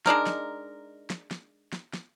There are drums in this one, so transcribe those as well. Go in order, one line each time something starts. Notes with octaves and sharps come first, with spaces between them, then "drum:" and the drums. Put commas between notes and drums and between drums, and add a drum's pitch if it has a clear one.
G#3 D4 D#4 A#4, drum: snare
drum: snare
drum: snare
drum: snare
drum: snare
drum: snare